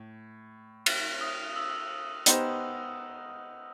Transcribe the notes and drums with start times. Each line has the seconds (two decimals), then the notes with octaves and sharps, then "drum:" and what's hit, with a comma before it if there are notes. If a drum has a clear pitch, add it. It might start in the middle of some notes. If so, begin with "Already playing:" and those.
Already playing: A2
0.86 F6, drum: cymbal
1.21 D#6
1.56 E6
2.26 B3 D#4 G4 C5, drum: hi-hat